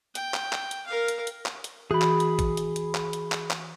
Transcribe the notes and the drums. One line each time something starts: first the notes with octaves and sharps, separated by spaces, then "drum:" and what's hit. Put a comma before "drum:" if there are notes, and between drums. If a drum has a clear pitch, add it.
G5, drum: hi-hat
drum: clap
drum: clap
drum: hi-hat
A#4 F5
drum: hi-hat
drum: hi-hat
drum: clap
drum: hi-hat
E3 F#4 G#4 B5
drum: clap
drum: hi-hat
drum: kick A#1, hi-hat
drum: hi-hat
drum: hi-hat
drum: clap
drum: hi-hat
drum: clap
drum: clap